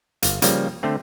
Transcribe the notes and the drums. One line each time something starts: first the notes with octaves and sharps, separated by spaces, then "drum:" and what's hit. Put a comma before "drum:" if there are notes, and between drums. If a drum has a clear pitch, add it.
G1 F5, drum: hi-hat
C#3 F3 G3 A#3, drum: hi-hat
D3 A3 C4